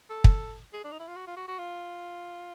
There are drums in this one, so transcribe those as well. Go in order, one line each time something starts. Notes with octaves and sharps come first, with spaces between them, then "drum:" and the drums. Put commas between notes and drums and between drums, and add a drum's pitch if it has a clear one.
A4
drum: kick
G#4
D4
D#4
E4
F4
F#4
F4
F#4
F#4
F4